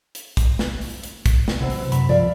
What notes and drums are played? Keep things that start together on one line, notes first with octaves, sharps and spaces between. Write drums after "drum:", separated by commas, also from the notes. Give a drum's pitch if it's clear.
drum: hi-hat
drum: kick, hi-hat
drum: snare
drum: open hi-hat
drum: hi-hat
drum: kick, hi-hat
drum: snare
C3 E3 F#3 C4
drum: open hi-hat
C2 F#2 B5, drum: hi-hat
C#2 G2 F3 D5 E5 F5